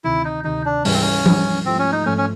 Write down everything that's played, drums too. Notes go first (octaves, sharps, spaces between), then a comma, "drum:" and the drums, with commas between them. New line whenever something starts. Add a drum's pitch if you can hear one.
D2 C3 D#3 E4
D#4
D2 C3 D#3 D#4
D4
G#2 E3 G3 C#4, drum: open hi-hat
C4
C#4
G#2 E3 G3, drum: tom F3
G#2 F3 A3 C4
C#4
D#4
G#2 F3 A3 C#4
C#4